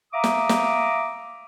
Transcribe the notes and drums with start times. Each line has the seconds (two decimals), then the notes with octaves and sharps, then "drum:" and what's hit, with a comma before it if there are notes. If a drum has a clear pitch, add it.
0.13 E5 F5 A#5 D6 D#6
0.24 drum: snare
0.49 drum: snare